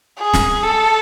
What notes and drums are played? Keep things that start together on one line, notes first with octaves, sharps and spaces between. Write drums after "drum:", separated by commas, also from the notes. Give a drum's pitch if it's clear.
G#4
drum: snare
A4